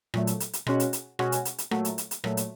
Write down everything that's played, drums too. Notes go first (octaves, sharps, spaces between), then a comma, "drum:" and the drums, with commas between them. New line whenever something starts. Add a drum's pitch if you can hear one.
A#2 F#3 A3, drum: rim click
drum: hi-hat
drum: hi-hat
drum: hi-hat
B2 G#3 C#4 F#4, drum: rim click
drum: hi-hat
drum: hi-hat
B2 G#3 C#4 F#4, drum: rim click
drum: hi-hat
drum: hi-hat
drum: hi-hat
A#2 F#3 A3, drum: rim click
drum: hi-hat
drum: hi-hat
drum: hi-hat
A#2 F#3 A3, drum: rim click
drum: hi-hat